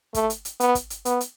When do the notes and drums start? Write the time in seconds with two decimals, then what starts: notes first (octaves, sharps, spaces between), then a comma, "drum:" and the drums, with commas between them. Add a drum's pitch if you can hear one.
0.14 A3, drum: kick, hi-hat
0.30 drum: hi-hat
0.45 drum: hi-hat
0.60 B3, drum: hi-hat
0.75 drum: kick, hi-hat
0.90 drum: hi-hat
1.05 B3, drum: hi-hat
1.21 drum: hi-hat